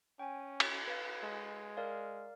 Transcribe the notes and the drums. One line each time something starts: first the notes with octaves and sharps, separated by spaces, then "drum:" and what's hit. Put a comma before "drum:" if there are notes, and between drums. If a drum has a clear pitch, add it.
C#4 G5 G#5
drum: cymbal
B4 F5
G#3
A#4 D5 F5